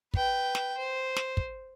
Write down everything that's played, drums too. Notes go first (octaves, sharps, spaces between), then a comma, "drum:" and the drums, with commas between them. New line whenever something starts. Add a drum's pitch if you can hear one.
B4 G5, drum: kick
drum: snare
C5
drum: snare
drum: kick